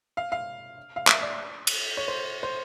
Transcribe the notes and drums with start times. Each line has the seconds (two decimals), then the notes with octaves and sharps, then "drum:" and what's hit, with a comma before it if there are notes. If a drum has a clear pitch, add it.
0.17 F5
0.32 F5
0.96 F5
1.07 E5, drum: clap
1.22 D5
1.67 drum: cymbal
1.97 C#5
2.08 C5
2.43 C5